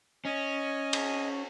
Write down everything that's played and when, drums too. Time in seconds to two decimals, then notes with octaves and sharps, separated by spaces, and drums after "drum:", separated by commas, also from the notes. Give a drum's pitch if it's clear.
0.25 C#4 D#5 G#5
0.93 drum: cymbal